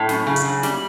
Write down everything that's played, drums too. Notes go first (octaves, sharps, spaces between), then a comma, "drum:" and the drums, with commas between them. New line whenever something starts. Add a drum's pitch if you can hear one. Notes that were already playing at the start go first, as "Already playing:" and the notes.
Already playing: A2
F#2, drum: snare
C#3
drum: hi-hat
F#2
G3, drum: snare